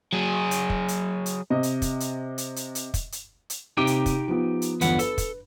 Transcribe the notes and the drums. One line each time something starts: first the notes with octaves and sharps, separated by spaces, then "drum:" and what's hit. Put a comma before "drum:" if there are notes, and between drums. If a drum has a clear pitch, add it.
F#3 G#4
drum: hi-hat
drum: kick
drum: hi-hat
drum: hi-hat
C3 D#5
drum: hi-hat
drum: kick, hi-hat
drum: hi-hat
drum: hi-hat
drum: hi-hat
drum: hi-hat
drum: kick, hi-hat
drum: hi-hat
drum: hi-hat
C3 D#4 G4 G5 D6 D#7
drum: hi-hat
drum: kick, hi-hat
F3 B3
drum: hi-hat
G1 E2 F3 B4 F#5, drum: hi-hat
A4 B4, drum: hi-hat
drum: kick, hi-hat